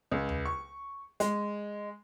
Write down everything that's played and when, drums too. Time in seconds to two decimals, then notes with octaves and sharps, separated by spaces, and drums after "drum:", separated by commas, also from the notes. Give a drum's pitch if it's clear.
0.12 C#2
0.29 drum: tom D#2
0.45 C#6
1.20 G#3, drum: hi-hat